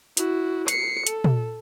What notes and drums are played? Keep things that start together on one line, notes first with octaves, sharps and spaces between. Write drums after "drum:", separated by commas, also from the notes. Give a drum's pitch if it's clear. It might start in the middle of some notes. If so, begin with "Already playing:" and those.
E4 F#4, drum: hi-hat
C7 C#7, drum: hi-hat
A4, drum: hi-hat
drum: tom